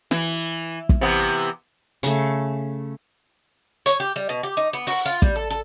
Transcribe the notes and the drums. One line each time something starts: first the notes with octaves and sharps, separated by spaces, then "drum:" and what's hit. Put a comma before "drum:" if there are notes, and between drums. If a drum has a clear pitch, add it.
E3, drum: snare
drum: kick
C3 E3 B3
C#3 A3, drum: hi-hat
C#5, drum: hi-hat
G4
G3
B2
G4
D#4
B3
F#4, drum: open hi-hat
F4
G3, drum: kick
A4
A4